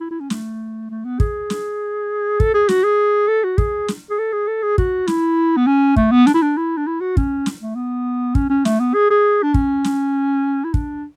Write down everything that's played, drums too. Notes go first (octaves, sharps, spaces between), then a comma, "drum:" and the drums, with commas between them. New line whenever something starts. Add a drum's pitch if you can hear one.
E4
E4
C#4
A3, drum: snare
A3
B3
G#4, drum: kick
drum: snare
A4, drum: kick
G#4
F#4, drum: snare
G#4
A4
F#4
G#4, drum: kick
drum: snare
G#4
A4
G#4
A4
G#4
F#4, drum: kick
E4, drum: snare
B3
C#4
A3, drum: kick
B3
D4, drum: snare
E4
D4
E4
D4
E4
F#4
C#4, drum: kick
drum: snare
A3
B3
C#4, drum: kick
C#4
A3, drum: snare
B3
G#4
G#4
D4
C#4, drum: kick
drum: snare
E4
D4, drum: kick